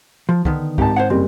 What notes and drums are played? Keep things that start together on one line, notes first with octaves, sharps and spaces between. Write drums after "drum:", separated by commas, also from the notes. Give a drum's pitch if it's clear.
F3
D3 D#3 B3, drum: kick
G#1 D#4 G4 A5, drum: kick
C5 C#5 F#5
F#1 G3 C4